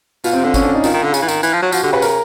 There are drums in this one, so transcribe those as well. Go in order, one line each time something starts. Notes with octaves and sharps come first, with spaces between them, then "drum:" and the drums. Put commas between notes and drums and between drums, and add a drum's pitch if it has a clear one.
B2 F4, drum: tambourine
C3 C4
D3 C4
C#4, drum: kick, tambourine
D4
D#4
D#3 F4, drum: tambourine
D#3
D3
C#3, drum: tambourine
E3
D#3, drum: tambourine
E3, drum: tambourine
F3
F#3
F3 F#4, drum: tambourine
D3 G4
C#3 B4
A#4, drum: tambourine